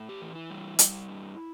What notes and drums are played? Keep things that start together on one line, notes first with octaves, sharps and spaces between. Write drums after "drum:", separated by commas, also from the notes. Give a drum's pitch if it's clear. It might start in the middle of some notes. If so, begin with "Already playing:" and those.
Already playing: A2
G4
E3
E4
G3
G3, drum: hi-hat
G2